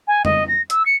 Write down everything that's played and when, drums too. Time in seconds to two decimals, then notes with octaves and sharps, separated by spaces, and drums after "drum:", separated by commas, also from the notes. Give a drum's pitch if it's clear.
0.07 G#5
0.25 D#5, drum: tom
0.48 A#6
0.70 E6, drum: hi-hat
0.86 C#7